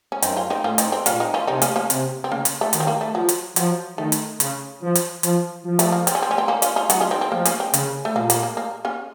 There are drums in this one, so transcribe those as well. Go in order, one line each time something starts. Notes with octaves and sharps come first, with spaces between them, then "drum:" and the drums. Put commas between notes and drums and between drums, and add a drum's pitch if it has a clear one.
C#4
F#2 C4 D#4, drum: hi-hat
C#4 F4
C4 D#4
A2 C#4 F4
C4 D#4, drum: hi-hat
C4
A#2 A#3 C#4, drum: hi-hat
C4 D#4
C#4 F4
C3 C4 D#4
A#3 C#4, drum: hi-hat
A#3 C#4
C3, drum: hi-hat
C4
C#3 A#3
drum: hi-hat
A3
D#3 F#3, drum: hi-hat
C4
A#3
A3
F3 F#3
drum: hi-hat
F3 F#3, drum: hi-hat
D#3 A3
drum: hi-hat
C#3, drum: hi-hat
F3
drum: hi-hat
F3, drum: hi-hat
F3
A3, drum: hi-hat
A#3
C4, drum: hi-hat
C#4
C4
C#4
C4
A#3 C#4
C#4 F4, drum: hi-hat
C#4 F4
F#3 D#4 F#4, drum: hi-hat
C#4 F4
C4 D#4
C4
F3 A#3
A#3 C#4, drum: hi-hat
C4
C#3 A#3, drum: hi-hat
A3
A#2 A#3
A#3, drum: hi-hat
A#3
A#3
A#3 C#4